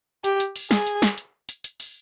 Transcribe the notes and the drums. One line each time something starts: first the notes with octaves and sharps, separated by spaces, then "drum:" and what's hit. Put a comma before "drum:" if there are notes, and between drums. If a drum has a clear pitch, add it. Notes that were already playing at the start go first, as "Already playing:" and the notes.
G4, drum: hi-hat
drum: hi-hat
drum: open hi-hat
G#4, drum: snare
drum: hi-hat
drum: snare
drum: hi-hat
drum: hi-hat
drum: hi-hat
drum: open hi-hat